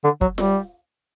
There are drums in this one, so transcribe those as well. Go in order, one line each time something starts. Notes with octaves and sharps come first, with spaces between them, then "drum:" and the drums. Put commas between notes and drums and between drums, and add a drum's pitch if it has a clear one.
D3
F#3, drum: kick
G3, drum: snare F4